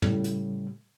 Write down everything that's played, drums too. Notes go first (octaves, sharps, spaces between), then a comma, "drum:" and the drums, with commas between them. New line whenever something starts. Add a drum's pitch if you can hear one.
A2 C#3 G3, drum: tom
drum: hi-hat